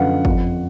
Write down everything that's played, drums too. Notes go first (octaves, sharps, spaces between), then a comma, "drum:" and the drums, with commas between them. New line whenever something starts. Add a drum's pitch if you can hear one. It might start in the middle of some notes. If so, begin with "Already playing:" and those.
Already playing: F#2 D3 F3 B4 F5 F#5
F2 F3, drum: kick